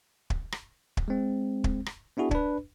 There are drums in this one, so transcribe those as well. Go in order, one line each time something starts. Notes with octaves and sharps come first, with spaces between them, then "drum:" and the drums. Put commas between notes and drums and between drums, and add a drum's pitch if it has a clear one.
drum: kick
drum: rim click
drum: kick
G#3 C4
drum: kick
drum: rim click
B3 D4 E4 F#4 G#4
D4 B4, drum: kick